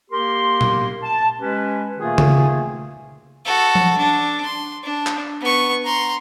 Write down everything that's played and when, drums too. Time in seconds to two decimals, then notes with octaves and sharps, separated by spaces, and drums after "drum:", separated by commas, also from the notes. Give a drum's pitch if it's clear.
0.11 A#3 G4 A#4 C6
0.61 drum: tom A#2
1.03 A5
1.39 G#3 C#4 G4 B4
1.98 A#2 D#3 A3 A#3 F4 G#4
2.18 drum: tom C#3
3.45 F#4 A4
3.75 drum: tom F3
3.98 D4
4.44 C6
4.83 D4
5.06 drum: clap
5.41 B3 C#6
5.84 A#5 C6